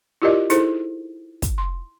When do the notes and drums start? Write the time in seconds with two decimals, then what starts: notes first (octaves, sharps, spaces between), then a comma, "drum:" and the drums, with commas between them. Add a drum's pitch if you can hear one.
0.22 E4 F4 G4 A#4 D5 D#5
0.50 D#4 E4 G#4 A4 C5, drum: hi-hat
1.42 drum: kick, hi-hat
1.58 C6